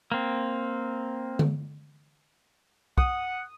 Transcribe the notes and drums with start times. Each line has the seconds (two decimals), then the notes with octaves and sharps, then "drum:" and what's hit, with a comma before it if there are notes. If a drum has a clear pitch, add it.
0.12 A#3 C4
1.39 drum: tom D3
2.98 F#5 D#6, drum: kick